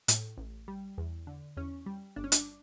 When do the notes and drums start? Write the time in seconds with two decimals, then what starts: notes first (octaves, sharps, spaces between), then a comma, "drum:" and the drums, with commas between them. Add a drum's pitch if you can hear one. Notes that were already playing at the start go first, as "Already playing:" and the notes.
0.08 A2, drum: hi-hat
0.37 A1
0.68 G3
0.98 E2
1.27 D3
1.57 E2 C#4
1.86 G3
2.16 G1 D4
2.24 C#4
2.32 D4, drum: hi-hat